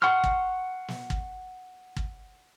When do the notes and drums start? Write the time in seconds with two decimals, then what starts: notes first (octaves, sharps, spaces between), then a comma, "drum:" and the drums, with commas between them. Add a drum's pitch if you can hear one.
0.02 F#5 C6 C#6 F6
0.24 drum: kick
0.88 drum: snare
1.10 drum: kick
1.96 drum: kick